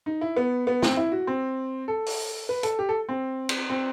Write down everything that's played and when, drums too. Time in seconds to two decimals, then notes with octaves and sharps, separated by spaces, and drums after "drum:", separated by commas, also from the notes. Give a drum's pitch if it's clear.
0.06 D#4
0.21 E4
0.36 B3
0.67 B3
0.82 C4, drum: snare
0.97 E4
1.12 F#4
1.27 C4
1.88 A4
2.06 drum: open hi-hat
2.49 B4
2.63 A4, drum: hi-hat
2.79 G4
2.89 A4
3.09 C4
3.49 drum: cymbal
3.70 C4